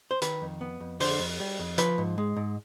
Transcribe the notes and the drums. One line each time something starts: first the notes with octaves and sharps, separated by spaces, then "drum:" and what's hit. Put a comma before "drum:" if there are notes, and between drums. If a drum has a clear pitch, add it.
C5
D#3 B4, drum: hi-hat
F2
B3
F2
D3 C5, drum: open hi-hat
F2
G3
F2
F3 B4, drum: hi-hat
G#2
G#3
G#2